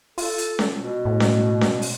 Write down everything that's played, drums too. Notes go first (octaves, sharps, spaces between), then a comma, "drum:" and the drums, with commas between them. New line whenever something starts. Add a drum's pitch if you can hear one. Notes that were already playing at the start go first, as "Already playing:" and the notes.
F4 A4, drum: open hi-hat
drum: hi-hat
drum: snare C#4
B2
A2
drum: snare C#4
drum: snare C#4
drum: open hi-hat